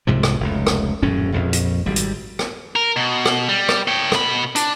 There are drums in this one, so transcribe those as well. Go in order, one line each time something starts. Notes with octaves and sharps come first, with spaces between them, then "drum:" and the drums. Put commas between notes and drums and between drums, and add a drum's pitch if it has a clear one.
C2 G#2 C3 F3
drum: rim click
F1 C#2
drum: rim click
D#1 F#2 A2 C#4
A#1 F2
drum: hi-hat
G#1 G3
drum: hi-hat
drum: rim click
A#4
B2
drum: rim click
G3
drum: rim click
C#5 G5
B2 B5, drum: rim click
D4, drum: hi-hat